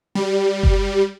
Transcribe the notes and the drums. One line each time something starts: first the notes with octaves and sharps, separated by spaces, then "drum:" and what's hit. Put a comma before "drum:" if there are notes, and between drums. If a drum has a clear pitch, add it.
G3
drum: kick F#1